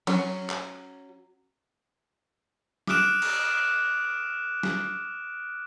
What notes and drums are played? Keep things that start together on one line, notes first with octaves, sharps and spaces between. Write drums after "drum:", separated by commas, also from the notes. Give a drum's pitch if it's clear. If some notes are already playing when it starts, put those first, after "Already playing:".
F#3 C#4, drum: cymbal
drum: clap
D6 D#6 F6 F#6 D7 E7, drum: snare
drum: cymbal
drum: snare